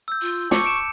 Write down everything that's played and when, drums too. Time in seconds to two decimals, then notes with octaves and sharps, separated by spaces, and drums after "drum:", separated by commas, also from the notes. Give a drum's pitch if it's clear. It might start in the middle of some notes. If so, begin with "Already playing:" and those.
0.08 E6 G6
0.22 F4
0.51 A5 C#6 D6 C#7, drum: snare
0.65 C#7 D7 E7